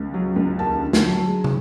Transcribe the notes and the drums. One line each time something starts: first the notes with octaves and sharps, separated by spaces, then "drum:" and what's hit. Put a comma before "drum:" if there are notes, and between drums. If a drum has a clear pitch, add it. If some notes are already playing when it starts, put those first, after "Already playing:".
Already playing: C#2
F#3
C#2
D#2 A5
D3
drum: snare
F#3
G#3
drum: tom